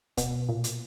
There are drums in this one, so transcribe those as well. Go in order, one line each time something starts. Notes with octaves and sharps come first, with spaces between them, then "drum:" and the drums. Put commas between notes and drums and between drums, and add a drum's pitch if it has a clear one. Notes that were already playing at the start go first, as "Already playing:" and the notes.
B2, drum: kick, hi-hat
A#2
drum: hi-hat